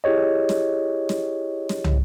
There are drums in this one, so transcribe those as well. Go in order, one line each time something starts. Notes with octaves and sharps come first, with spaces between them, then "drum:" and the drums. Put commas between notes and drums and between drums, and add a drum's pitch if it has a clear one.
E4 G4 G#4 C#5 D#5
drum: snare
drum: snare
drum: snare
drum: tom